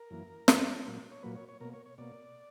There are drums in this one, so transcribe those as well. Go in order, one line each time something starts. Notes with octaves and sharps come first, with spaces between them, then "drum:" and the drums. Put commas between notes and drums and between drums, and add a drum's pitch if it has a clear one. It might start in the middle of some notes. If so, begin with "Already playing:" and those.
Already playing: A#4
F#2 E3 A#3
F#2 E3 A#3, drum: snare
A#2 F#3 A#3
C#5
A#2 F#3 A#3 B4
C#5
C#5
B2 A#3 A#4
C#5
C#5
B2 A#3 D5